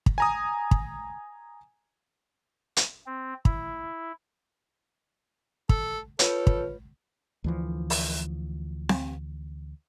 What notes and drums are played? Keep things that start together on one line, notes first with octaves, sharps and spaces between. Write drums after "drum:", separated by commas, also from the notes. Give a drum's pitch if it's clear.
drum: kick
G#5 A#5 D#6
drum: kick
drum: hi-hat
C4
E4, drum: kick
A4, drum: kick
F4 A4 B4 C#5, drum: hi-hat
drum: kick
D2 E3 F3
drum: open hi-hat
drum: snare C4